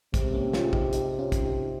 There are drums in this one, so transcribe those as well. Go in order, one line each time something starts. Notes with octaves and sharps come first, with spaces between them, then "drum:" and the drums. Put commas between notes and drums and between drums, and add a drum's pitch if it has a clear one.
C3 G#3 C4, drum: kick, hi-hat
A#3 C#4
C#4 F4, drum: snare
G#4
D#4 G4, drum: kick
D#4 G4, drum: hi-hat
C#4 F4
drum: kick, hi-hat
D#4 G4